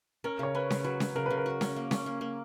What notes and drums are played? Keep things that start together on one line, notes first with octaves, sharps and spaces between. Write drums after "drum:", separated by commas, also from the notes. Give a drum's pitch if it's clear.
C#4 A#4
C#3 C#5
C#4 B4
C#3, drum: snare C#4
F#3 B4
F#3, drum: snare C#4
C#3 A#4
C#3 B4
A#4
F#4
C#4, drum: snare C#4
A#3
C#4, drum: snare C#4
A#3
A#3